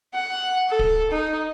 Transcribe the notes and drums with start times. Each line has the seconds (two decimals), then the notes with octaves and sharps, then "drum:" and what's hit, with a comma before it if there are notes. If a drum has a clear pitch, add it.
0.14 F#5
0.69 A4
0.79 drum: kick D1
1.11 D#4